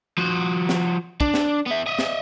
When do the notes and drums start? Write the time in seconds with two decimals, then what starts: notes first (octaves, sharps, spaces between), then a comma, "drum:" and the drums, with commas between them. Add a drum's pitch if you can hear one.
0.18 F3 F#4
0.69 drum: snare
1.20 D4, drum: kick
1.34 drum: snare
1.66 B3 E5
1.87 D#5 E5
1.99 drum: snare